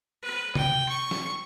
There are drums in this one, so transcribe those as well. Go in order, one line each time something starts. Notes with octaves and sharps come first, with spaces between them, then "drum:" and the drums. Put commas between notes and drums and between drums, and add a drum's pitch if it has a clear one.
B4
G5, drum: tom C3
C#6
drum: snare